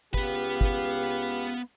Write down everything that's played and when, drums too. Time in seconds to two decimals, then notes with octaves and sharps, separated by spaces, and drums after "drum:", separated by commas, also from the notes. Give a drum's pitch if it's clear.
0.14 C#2 B3 G4 B4 F5, drum: kick
0.61 drum: kick